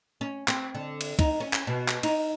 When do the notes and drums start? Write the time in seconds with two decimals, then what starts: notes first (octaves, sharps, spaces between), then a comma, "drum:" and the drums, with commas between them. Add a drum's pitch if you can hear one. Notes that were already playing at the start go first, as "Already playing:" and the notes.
0.21 C#4
0.48 C4, drum: clap
0.75 D3
1.01 drum: cymbal
1.19 D#4, drum: kick, cymbal
1.40 C#4
1.53 drum: clap
1.67 B2
1.88 drum: clap
2.03 D#4, drum: cymbal